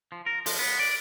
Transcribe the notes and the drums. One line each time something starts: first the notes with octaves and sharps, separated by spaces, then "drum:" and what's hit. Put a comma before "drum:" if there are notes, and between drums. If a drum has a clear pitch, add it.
F3
A#4
F3, drum: open hi-hat
B3
D5